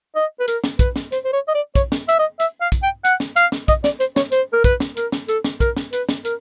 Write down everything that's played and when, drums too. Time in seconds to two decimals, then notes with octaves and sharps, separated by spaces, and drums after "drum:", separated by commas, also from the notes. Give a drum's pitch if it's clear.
0.15 D#5
0.40 B4
0.48 A#4, drum: hi-hat
0.64 drum: snare
0.79 B4, drum: kick, hi-hat
0.96 drum: snare
1.12 C5, drum: hi-hat
1.25 C5
1.33 C#5
1.48 D#5
1.54 D5
1.75 C#5, drum: kick, hi-hat
1.92 drum: snare
2.08 E5, drum: hi-hat
2.19 D#5
2.40 E5, drum: hi-hat
2.61 F5
2.72 drum: kick, hi-hat
2.83 G5
3.04 F#5, drum: hi-hat
3.20 drum: snare
3.36 F5, drum: hi-hat
3.52 drum: snare
3.68 D#5, drum: kick, hi-hat
3.84 D5, drum: snare
4.00 C5, drum: hi-hat
4.16 C#5, drum: snare
4.32 C5, drum: hi-hat
4.53 A#4
4.64 B4, drum: kick, hi-hat
4.80 drum: snare
4.97 A#4, drum: hi-hat
5.12 drum: snare
5.28 A4, drum: hi-hat
5.44 drum: snare
5.60 A#4, drum: kick, hi-hat
5.77 drum: snare
5.93 B4, drum: hi-hat
6.09 drum: snare
6.25 A#4, drum: hi-hat